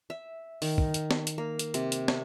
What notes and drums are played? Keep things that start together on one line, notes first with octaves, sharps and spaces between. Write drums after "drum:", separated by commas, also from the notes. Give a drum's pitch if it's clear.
E5
D#3, drum: open hi-hat
drum: kick
drum: hi-hat
drum: snare
drum: hi-hat
A#3
drum: hi-hat
C3, drum: hi-hat
drum: hi-hat
drum: snare